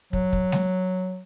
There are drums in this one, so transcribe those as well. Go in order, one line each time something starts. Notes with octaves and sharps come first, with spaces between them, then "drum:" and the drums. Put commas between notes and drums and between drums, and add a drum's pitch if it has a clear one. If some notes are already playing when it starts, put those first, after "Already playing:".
F#3, drum: kick
drum: kick
drum: snare G#3